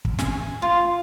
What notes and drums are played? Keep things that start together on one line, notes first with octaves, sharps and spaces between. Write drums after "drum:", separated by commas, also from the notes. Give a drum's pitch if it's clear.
drum: kick
G#5, drum: snare
F4